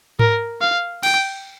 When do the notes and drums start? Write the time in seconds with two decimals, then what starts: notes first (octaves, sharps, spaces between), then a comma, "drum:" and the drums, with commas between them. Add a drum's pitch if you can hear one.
0.19 A#4, drum: tom G#2
0.61 F5
1.03 G5, drum: cymbal